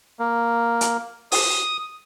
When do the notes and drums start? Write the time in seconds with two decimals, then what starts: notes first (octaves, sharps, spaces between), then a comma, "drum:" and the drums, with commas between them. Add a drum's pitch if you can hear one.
0.19 A#3
0.81 drum: hi-hat
1.32 D#6, drum: open hi-hat